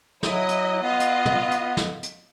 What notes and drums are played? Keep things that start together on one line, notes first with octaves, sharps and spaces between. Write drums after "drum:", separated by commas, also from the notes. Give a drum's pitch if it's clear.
F#3 E4 D#5, drum: snare
drum: hi-hat
B3 F4 D#5 F5
drum: hi-hat
drum: tom
drum: hi-hat
drum: snare
drum: hi-hat